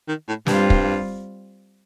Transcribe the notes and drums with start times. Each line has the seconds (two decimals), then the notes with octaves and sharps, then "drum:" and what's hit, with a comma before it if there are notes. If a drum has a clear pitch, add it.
0.08 D#3
0.28 A2
0.47 G2 G3 C4 F4, drum: snare
0.70 drum: kick